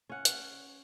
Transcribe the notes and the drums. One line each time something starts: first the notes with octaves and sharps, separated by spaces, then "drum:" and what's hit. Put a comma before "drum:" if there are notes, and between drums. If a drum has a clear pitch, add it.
C#4 F#5
drum: hi-hat